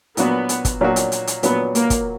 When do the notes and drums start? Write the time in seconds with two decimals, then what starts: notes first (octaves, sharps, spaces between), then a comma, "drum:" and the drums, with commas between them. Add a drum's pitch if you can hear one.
0.17 A#2 F#3 B3 D4 F#4, drum: hi-hat
0.49 drum: hi-hat
0.65 drum: kick, hi-hat
0.81 A#2 F#3 D4 F#4
0.96 drum: hi-hat
1.12 drum: hi-hat
1.27 drum: hi-hat
1.43 A#2 F#3 B3 D4 F#4, drum: hi-hat
1.75 A#3, drum: hi-hat
1.90 drum: kick, hi-hat